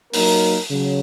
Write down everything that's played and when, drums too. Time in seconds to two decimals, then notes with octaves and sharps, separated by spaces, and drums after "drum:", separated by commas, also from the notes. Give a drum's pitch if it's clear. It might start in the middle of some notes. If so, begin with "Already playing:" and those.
0.13 F#3 A#3 D#4 A#4, drum: open hi-hat
0.70 C#3 F#3